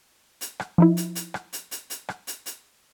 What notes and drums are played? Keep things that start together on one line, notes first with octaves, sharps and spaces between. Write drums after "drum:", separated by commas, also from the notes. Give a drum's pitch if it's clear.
drum: hi-hat
drum: rim click
F3 D#4 E4
drum: hi-hat
drum: hi-hat
drum: rim click
drum: hi-hat
drum: hi-hat
drum: hi-hat
drum: rim click
drum: hi-hat
drum: hi-hat